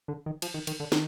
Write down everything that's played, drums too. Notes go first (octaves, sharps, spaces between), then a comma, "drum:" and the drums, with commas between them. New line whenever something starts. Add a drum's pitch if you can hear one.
D3
D#3
F3, drum: cymbal
D#3
D#3, drum: cymbal
D3
D#3, drum: snare